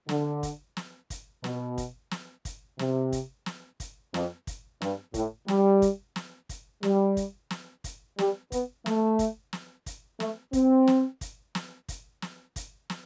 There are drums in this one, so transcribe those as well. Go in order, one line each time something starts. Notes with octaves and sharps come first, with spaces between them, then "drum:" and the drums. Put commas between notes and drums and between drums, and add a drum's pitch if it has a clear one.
D3, drum: snare
drum: kick, hi-hat
drum: snare
drum: kick, hi-hat
B2, drum: snare
drum: kick, hi-hat
drum: snare
drum: kick, hi-hat
C3, drum: snare
drum: kick, hi-hat
drum: snare
drum: kick, hi-hat
F2, drum: snare
drum: kick, hi-hat
G2, drum: snare
A2, drum: kick, hi-hat
G3, drum: snare
drum: kick, hi-hat
drum: snare
drum: kick, hi-hat
G3, drum: snare
drum: kick, hi-hat
drum: snare
drum: kick, hi-hat
G3, drum: snare
B3, drum: kick, hi-hat
A3, drum: snare
drum: kick, hi-hat
drum: snare
drum: kick, hi-hat
A3, drum: snare
C4, drum: kick, hi-hat
drum: snare
drum: kick, hi-hat
drum: snare
drum: kick, hi-hat
drum: snare
drum: kick, hi-hat
drum: snare